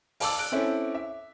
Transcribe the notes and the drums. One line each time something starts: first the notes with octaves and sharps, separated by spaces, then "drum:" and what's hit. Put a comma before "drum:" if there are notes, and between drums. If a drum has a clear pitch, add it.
F5 A5 D6 E6, drum: open hi-hat
F#6 D7
C4 C#4 E4 A4 C#5
E5